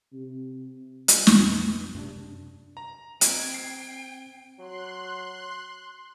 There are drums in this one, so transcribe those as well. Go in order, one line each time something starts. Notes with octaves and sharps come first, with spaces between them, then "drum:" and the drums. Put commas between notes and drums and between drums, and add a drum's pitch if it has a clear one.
C3
G3, drum: hi-hat
F2 B2, drum: snare
F#2 C3 D4
A#5
C4 G5 G#6, drum: hi-hat
C7
F#3 C6 F#6